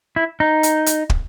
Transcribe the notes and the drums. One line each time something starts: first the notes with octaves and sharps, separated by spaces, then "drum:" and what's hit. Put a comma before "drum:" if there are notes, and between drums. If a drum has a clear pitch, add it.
E4
D#4
drum: hi-hat
drum: hi-hat
drum: kick